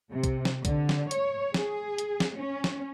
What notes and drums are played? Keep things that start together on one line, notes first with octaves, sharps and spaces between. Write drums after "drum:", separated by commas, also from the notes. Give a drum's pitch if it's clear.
C3
drum: kick B1, hi-hat
drum: snare
D3, drum: kick B1, hi-hat
drum: snare
C#5, drum: hi-hat
G#4, drum: snare
drum: hi-hat
drum: snare
C#4
drum: snare